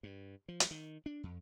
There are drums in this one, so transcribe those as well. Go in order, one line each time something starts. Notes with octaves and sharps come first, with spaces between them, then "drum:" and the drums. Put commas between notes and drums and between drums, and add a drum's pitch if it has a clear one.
G2
F3
drum: hi-hat
D#3
D4
F2